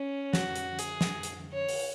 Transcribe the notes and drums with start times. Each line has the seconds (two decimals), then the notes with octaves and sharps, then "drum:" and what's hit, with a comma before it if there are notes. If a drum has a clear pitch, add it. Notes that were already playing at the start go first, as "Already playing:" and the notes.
Already playing: C#4
0.33 F#4, drum: snare
0.55 drum: hi-hat
0.79 G#4, drum: hi-hat
1.01 drum: snare
1.23 drum: hi-hat
1.53 C#5
1.69 drum: open hi-hat